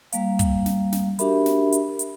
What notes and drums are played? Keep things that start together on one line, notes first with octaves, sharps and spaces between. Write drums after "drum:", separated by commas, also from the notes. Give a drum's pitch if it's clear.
G3 A#3 F5, drum: hi-hat
drum: kick, hi-hat
drum: snare
drum: snare
D4 F#4 G4 A#4 E5 B5, drum: hi-hat
drum: snare
drum: hi-hat
drum: hi-hat